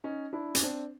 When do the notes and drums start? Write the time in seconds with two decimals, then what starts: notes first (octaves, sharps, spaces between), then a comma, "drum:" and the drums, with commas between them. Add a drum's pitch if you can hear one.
0.04 C#4 D#4
0.33 D4 E4
0.55 C#4, drum: hi-hat
0.62 C4 D4